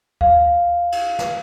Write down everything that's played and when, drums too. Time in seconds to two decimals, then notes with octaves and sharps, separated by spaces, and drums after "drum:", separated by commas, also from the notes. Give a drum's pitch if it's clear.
0.21 F5, drum: kick D2
0.92 drum: cymbal
1.19 drum: snare